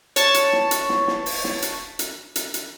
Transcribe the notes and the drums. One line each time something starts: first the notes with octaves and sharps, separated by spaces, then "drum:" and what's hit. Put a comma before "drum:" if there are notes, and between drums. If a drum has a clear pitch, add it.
C#5 A5 C#6, drum: hi-hat
drum: hi-hat
drum: snare
drum: hi-hat
drum: snare
drum: snare
drum: open hi-hat
drum: snare
drum: hi-hat
drum: hi-hat
drum: hi-hat
drum: hi-hat